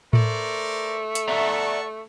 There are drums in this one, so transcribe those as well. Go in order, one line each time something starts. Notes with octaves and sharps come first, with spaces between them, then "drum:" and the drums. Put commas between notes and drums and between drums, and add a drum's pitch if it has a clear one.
A3 A#4 C5 D5, drum: tom A2
drum: hi-hat
D5 E5 F#5 A5 A#5 C#6